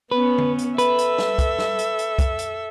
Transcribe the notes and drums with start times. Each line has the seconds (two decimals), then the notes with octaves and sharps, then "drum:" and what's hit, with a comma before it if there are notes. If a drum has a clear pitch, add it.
0.11 B3 C#4 B4
0.38 drum: tom D3
0.58 drum: hi-hat
0.78 A4 B4 E5, drum: hi-hat
0.98 drum: hi-hat
1.18 drum: snare
1.38 drum: kick, hi-hat
1.58 drum: snare
1.79 drum: hi-hat
1.99 drum: hi-hat
2.19 drum: kick, hi-hat
2.39 drum: hi-hat